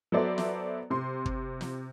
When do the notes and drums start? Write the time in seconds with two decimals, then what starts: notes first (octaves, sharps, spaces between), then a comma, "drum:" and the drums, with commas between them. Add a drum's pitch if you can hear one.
0.12 F#3 B3 A4 C5 D5 E5
0.38 drum: snare
0.90 C3 C6
1.26 drum: kick
1.61 drum: snare